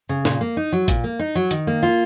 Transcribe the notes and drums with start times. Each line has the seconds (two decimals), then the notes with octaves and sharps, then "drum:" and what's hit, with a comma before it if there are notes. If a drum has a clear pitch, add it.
0.09 C#3
0.25 A#2, drum: snare
0.41 A#3
0.57 D#4
0.72 F#3
0.88 A#2, drum: kick A1, hi-hat
1.04 A#3
1.19 D#4
1.35 F#3
1.51 D#3, drum: hi-hat
1.67 A#3
1.83 F4